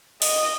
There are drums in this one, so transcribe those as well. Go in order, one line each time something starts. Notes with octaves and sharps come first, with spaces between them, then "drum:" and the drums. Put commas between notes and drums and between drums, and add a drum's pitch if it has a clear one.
D#5, drum: open hi-hat